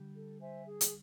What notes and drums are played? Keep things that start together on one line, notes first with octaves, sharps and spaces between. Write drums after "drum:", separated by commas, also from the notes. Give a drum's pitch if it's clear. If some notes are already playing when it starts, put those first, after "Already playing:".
Already playing: D3 G3 G4
A4
C5 E5 G#5
G#4
drum: hi-hat